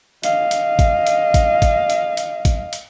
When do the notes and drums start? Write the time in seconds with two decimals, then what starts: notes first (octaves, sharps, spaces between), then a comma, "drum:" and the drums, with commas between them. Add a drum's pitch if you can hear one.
0.23 D#5 F5, drum: hi-hat
0.51 drum: hi-hat
0.79 drum: kick, hi-hat
1.07 drum: hi-hat
1.34 drum: kick, hi-hat
1.62 drum: kick, hi-hat
1.90 drum: hi-hat
2.17 drum: hi-hat
2.45 drum: kick, hi-hat
2.73 drum: hi-hat